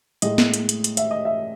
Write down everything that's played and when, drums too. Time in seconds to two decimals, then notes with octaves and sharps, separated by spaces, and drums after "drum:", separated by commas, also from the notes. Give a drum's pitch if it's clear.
0.22 A2 G#3 D#5, drum: hi-hat
0.38 drum: snare
0.54 drum: hi-hat
0.69 drum: hi-hat
0.84 drum: hi-hat
0.97 E5, drum: hi-hat
1.11 D#5
1.25 E5